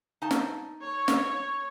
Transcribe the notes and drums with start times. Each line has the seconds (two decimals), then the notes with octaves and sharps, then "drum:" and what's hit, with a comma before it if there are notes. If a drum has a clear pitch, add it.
0.22 D#4 A5
0.31 drum: snare
0.82 C#5
1.08 drum: snare